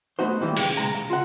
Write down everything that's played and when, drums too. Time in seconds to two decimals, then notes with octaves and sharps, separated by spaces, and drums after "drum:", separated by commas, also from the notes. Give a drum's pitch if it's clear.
0.19 A3 B3 D#4 F#4 C5
0.41 D#3 E3 G3 G#3 A#3
0.57 C#3 G5, drum: open hi-hat
0.77 B1 G#3 A#5
0.94 C#3
1.10 F4 F#5